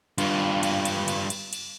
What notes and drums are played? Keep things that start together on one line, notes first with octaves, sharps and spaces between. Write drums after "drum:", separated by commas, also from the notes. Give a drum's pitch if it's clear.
G2 F4, drum: cymbal
drum: cymbal
drum: cymbal
drum: cymbal
drum: cymbal
drum: cymbal